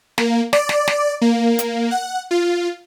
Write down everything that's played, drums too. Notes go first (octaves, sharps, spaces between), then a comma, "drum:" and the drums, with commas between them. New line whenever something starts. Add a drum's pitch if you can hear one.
A#3, drum: snare
D5, drum: snare
drum: snare
drum: snare
A#3
drum: hi-hat
F#5
F4